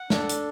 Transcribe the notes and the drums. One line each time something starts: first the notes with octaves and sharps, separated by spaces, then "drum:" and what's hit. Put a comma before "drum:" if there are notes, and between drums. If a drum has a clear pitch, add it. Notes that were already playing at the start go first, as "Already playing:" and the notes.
Already playing: F#5
D4 A4, drum: snare
drum: hi-hat